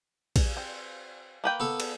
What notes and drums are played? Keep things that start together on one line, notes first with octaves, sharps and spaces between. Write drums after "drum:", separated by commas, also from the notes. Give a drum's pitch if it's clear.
drum: kick A#1, cymbal
C4
A#3 B4 G5
B3 A4
drum: cymbal